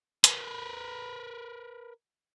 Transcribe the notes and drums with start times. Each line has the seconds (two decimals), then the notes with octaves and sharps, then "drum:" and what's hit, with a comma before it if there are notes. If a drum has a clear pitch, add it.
0.24 A#4 B4, drum: hi-hat